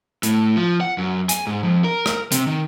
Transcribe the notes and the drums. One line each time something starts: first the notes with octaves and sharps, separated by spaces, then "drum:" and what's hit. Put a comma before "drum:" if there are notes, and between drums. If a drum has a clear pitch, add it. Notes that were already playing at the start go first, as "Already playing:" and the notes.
A2, drum: hi-hat
F3
F#5
F#2
G#5, drum: hi-hat
G#2
F2
A#4
drum: rim click
C3, drum: hi-hat
D#3